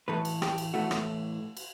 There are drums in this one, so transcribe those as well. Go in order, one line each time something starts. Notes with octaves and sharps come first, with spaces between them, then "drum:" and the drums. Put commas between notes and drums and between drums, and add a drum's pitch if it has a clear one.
A2 E3 A3 B4
drum: cymbal
G4, drum: rim click
drum: cymbal
A2 E3 A3 F#4
drum: rim click
drum: cymbal